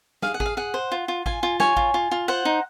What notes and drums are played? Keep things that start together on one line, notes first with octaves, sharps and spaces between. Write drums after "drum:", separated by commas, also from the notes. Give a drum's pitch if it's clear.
G#4 F5, drum: snare
F#5
G#4, drum: kick G#1
F5
G#4 F#5
C5
F4
F4
F4 G#5, drum: kick G#1
F4
C#5 G#5, drum: snare
F4, drum: kick G#1
F4
F4
C5 F#5
D#4